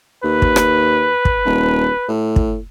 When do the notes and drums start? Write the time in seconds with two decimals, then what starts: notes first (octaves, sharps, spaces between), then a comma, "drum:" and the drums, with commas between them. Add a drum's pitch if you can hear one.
0.24 D#2 B4
0.42 drum: kick
0.56 drum: rim click
1.25 drum: kick
1.45 D#1
2.08 A2
2.36 drum: kick